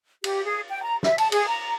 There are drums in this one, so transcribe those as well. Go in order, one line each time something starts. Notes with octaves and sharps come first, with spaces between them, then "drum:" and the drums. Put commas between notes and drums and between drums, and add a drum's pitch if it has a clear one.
G4, drum: cymbal
G#4
G5
A#5
E5, drum: snare
A5, drum: cymbal
G#4, drum: cymbal
A#5